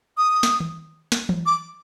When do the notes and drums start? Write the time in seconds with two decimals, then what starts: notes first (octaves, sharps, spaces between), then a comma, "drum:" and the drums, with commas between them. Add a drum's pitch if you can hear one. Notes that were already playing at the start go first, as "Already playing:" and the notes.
0.18 D#6
0.43 drum: snare
0.60 drum: tom
1.12 drum: snare
1.29 drum: tom E3
1.46 D6